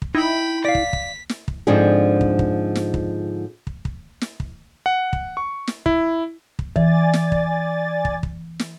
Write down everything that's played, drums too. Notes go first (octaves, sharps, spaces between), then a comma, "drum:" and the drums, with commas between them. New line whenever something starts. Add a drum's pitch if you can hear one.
drum: kick
D#4 E4 G5 B5
D5 F5 B6
drum: kick
drum: kick
drum: snare
drum: kick
G#2 D3 F3 C4 D4 G#4
drum: kick
drum: kick
drum: snare
drum: kick
drum: kick
drum: kick
drum: snare
drum: kick
F#5
drum: kick
C#6
drum: snare
E4, drum: kick
drum: kick
E3 D5 G#5 A6, drum: kick
drum: snare
drum: kick
drum: kick
drum: kick
drum: snare